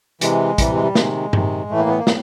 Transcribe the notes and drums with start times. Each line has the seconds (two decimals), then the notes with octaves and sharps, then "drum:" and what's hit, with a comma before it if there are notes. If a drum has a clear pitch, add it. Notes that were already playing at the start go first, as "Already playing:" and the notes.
0.21 C3 E3 G#3, drum: hi-hat
0.58 C3 E3 G3, drum: kick, hi-hat
0.75 G#3
0.83 G3
0.95 C3 D#3 G#3, drum: snare
1.33 C3 D#3, drum: tom G2
1.70 A2 E3 A3
1.79 A#3
1.89 B3
1.98 A#3
2.07 A2, drum: snare